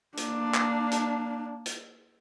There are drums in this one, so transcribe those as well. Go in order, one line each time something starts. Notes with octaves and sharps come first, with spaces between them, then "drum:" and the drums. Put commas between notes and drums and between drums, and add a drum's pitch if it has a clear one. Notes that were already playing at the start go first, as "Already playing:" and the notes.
A#3 D4, drum: hi-hat
drum: clap
drum: hi-hat
drum: hi-hat